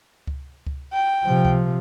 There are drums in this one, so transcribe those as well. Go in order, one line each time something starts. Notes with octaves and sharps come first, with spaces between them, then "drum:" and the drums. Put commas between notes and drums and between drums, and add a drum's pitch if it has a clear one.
drum: kick C#2
drum: kick C#2
G5
C3 F3
drum: kick C#2